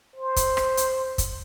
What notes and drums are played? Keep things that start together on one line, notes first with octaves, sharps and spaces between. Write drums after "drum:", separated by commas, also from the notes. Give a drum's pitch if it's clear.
C5
drum: kick, hi-hat
drum: rim click
drum: hi-hat
drum: kick, hi-hat